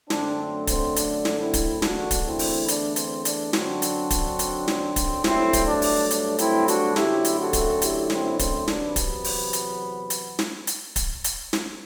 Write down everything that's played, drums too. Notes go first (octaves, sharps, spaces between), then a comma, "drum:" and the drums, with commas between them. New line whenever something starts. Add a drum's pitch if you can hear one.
F#2 D3 A3 C4 D4, drum: snare
C4, drum: kick, hi-hat
D4, drum: hi-hat
drum: snare
C4 E4
drum: kick, hi-hat
E2 D3 A3 D4 F#4, drum: snare
drum: kick, hi-hat
C4 E4
drum: open hi-hat
D4, drum: hi-hat
C4, drum: hi-hat
D4, drum: hi-hat
F#2 D3 F#3 C4 D4 F#4, drum: snare
drum: hi-hat
drum: kick, hi-hat
drum: hi-hat
drum: snare
drum: kick, hi-hat
G2 F#3 A3 C4 E4, drum: snare
drum: kick, hi-hat
D4
drum: open hi-hat
D4, drum: hi-hat
C4 E4, drum: hi-hat
D4 F#4, drum: hi-hat
F#2 D3 A3 C4 E4 G4, drum: snare
drum: hi-hat
F#4 A4
drum: kick, hi-hat
E4 G4, drum: hi-hat
C4 E4, drum: snare
C4, drum: kick, hi-hat
E2 C3 F#3 B3 D4, drum: snare
drum: kick, hi-hat
drum: open hi-hat
drum: hi-hat
drum: hi-hat
drum: snare
drum: hi-hat
drum: kick, hi-hat
drum: hi-hat
drum: snare